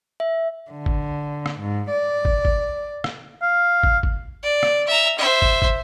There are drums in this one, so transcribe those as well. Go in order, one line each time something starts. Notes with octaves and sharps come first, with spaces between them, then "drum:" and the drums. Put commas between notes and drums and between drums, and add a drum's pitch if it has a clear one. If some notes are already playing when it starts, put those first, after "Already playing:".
E5
D3
drum: kick
drum: rim click
G#2
D5
drum: kick
drum: kick
drum: rim click
F5
drum: kick
drum: kick
D5
drum: rim click
E5 A#5
C5 E5
drum: kick
drum: kick